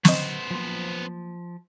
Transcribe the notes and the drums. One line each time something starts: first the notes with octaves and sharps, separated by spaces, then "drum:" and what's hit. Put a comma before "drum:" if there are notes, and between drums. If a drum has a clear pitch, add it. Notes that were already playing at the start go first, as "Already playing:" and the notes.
D3 F#3 B3 C5 D#5 C#6, drum: snare
F3 F#3 A#3 C6